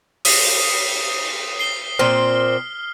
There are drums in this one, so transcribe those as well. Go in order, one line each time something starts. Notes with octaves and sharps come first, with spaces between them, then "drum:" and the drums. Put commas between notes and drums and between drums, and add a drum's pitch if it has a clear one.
D#6 B6 C7, drum: open hi-hat
C7 G7
A#2 C4 F6